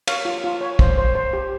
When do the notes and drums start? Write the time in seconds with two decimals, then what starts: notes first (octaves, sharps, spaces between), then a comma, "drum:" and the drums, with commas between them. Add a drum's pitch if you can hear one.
0.07 C#5 F5, drum: cymbal
0.25 F4
0.44 F4
0.61 C#5
0.79 C5, drum: kick
0.98 C5
1.15 C5
1.33 G4